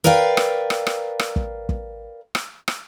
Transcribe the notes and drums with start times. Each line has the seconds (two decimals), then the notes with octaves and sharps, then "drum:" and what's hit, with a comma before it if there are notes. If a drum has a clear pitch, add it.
0.04 A#4 B4 D5 F5 G5
0.37 drum: rim click
0.70 drum: rim click
0.87 drum: rim click
1.19 drum: rim click
1.36 drum: kick
1.69 drum: kick
2.35 drum: rim click
2.68 drum: rim click